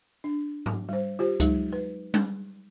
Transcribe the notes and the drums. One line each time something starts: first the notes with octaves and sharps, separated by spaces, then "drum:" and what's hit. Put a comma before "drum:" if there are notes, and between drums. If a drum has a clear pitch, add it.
D4
drum: tom G#2
G3 C5
F4 G4 C5
F#3 G#3 D#4, drum: kick C#2, hi-hat
B4
drum: tom G3